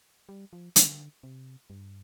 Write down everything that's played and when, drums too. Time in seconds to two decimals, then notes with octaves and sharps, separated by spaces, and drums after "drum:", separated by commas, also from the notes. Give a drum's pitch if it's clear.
0.29 G3
0.53 F3
0.76 D3, drum: hi-hat
1.23 C3
1.70 G2